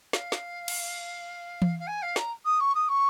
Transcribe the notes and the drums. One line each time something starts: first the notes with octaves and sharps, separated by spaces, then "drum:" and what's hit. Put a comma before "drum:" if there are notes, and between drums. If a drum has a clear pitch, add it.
F5, drum: snare
drum: snare
drum: cymbal
drum: tom E3
F5
G#5
F5
A#5, drum: snare
D#6
C#6
D#6
C#6